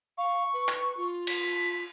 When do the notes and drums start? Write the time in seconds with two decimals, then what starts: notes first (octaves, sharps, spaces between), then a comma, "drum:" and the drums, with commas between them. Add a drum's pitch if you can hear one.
0.18 F5 C#6
0.53 B4
0.68 drum: clap
0.97 F4
1.27 B6, drum: cymbal